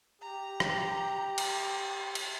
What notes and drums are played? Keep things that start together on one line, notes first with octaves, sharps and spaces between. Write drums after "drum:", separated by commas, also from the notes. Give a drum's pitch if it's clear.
G4 A#5
drum: rim click
drum: cymbal
drum: cymbal